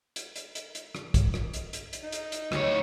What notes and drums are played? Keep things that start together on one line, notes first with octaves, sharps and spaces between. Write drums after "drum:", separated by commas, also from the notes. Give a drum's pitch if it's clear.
drum: hi-hat
drum: hi-hat
drum: hi-hat
drum: hi-hat
drum: rim click
drum: kick, hi-hat
drum: rim click
drum: hi-hat
drum: hi-hat
drum: hi-hat
D#4
drum: hi-hat
drum: hi-hat
D2 C#5, drum: rim click